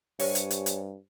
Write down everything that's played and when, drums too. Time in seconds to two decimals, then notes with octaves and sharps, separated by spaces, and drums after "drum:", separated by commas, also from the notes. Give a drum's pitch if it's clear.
0.19 G2 G4 C5 C#5 G#5, drum: open hi-hat
0.35 drum: hi-hat
0.50 drum: hi-hat
0.66 drum: hi-hat